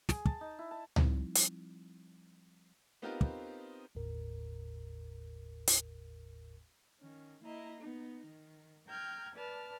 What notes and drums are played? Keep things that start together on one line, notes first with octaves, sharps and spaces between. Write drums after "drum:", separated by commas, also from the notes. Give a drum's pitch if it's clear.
G#4, drum: snare
A5, drum: kick
D#4
E4
A5
F3 G3 C4 D#4 E4, drum: tom C#2
drum: hi-hat
B3 C4 D#4 F4 G4 A#4
drum: kick
G1 D#2 A2 A#4
drum: hi-hat
D#3 C#4
A#3 E4 D#5 A#5
B3 D#4
D#3
G5 A#5 F6 G6 G#6
B4 D5 A5 F6